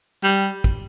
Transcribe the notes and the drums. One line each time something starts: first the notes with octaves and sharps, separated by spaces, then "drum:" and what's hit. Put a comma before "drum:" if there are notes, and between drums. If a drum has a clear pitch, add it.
G3
drum: kick A1